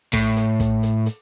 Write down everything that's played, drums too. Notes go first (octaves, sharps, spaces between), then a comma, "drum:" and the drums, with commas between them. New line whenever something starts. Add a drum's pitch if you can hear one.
A2, drum: kick, hi-hat
drum: hi-hat
drum: kick, hi-hat
drum: hi-hat
drum: hi-hat